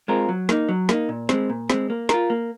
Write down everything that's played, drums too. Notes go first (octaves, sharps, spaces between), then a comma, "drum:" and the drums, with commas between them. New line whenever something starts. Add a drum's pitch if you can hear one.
G#3 C4 F4 A#4
F#3
A#3 D#4, drum: snare
F#3
A#3 D#4, drum: snare
A#2
G#3 C4, drum: snare
A#2
G#3 C4, drum: snare
A#3
F4 A#4, drum: snare
A#3